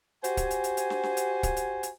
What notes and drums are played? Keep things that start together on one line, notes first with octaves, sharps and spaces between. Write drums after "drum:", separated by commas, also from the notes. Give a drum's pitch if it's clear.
F#4 G4 C5 G#5, drum: hi-hat
drum: kick, hi-hat
drum: hi-hat
drum: hi-hat
drum: hi-hat
drum: snare
drum: snare
drum: hi-hat
drum: kick, hi-hat
drum: hi-hat
drum: hi-hat